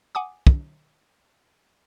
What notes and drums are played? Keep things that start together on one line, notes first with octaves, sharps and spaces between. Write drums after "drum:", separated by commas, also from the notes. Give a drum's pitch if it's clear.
F#5 G#5 D6 D#6
drum: kick